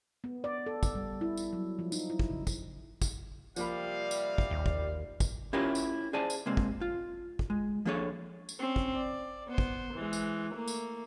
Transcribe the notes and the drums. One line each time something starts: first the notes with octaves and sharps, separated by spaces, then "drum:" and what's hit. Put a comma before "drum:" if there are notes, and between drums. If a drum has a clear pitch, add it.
B3
D5
A4
drum: kick, tambourine
G3
E4
drum: tambourine
F#3
F3
D#4, drum: tambourine
E4
drum: kick
C#3
drum: kick, tambourine
drum: kick, tambourine
C3 F3 G3 A#3 D5 F5 B5, drum: tambourine
drum: tambourine
drum: kick
D#2
drum: kick
drum: kick, tambourine
C#4 E4 F4 G4 A#4 C#5
drum: tambourine
G#4 C5 D5 G#5 A5
drum: tambourine
C3 G#3 A#3 C4
drum: kick
F4
drum: kick
G#3
F3 A#3 D4 G#4 A4 C#5
drum: tambourine
C4 C#4
drum: kick
D5
B3 C5
drum: kick
E3 G#3
drum: tambourine
A3 A#3
drum: tambourine